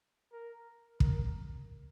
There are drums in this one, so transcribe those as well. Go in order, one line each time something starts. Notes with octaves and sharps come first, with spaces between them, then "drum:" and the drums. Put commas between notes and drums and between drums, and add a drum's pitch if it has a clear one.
A#4
A#4, drum: kick